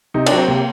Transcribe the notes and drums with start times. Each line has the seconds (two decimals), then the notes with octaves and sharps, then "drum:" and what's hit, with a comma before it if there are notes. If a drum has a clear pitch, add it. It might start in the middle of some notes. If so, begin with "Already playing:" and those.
0.14 C3 D#4
0.26 D4, drum: cymbal
0.32 F#3 C4
0.48 C3 A#3